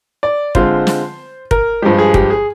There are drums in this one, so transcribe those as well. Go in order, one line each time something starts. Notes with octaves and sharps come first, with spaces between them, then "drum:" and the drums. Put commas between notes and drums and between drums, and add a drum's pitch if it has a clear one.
D5
D3 G#3 C4 F4 C5, drum: kick
drum: snare
A#4, drum: kick
G2 F3 G#3 G4
G#4
G4, drum: kick
G#4